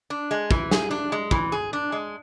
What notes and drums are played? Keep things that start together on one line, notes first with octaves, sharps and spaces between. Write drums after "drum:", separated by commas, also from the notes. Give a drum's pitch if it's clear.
D4
G#3
E3, drum: kick
G#4, drum: snare
D4
G#3
E3, drum: kick
G#4
D4
G#3